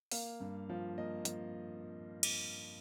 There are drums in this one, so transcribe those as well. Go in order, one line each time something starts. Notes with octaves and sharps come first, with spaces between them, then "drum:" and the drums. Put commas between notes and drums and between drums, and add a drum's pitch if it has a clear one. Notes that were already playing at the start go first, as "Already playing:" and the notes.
A#3 F5, drum: open hi-hat
G2
F3 F5
A#3 D#5
F3, drum: hi-hat
drum: cymbal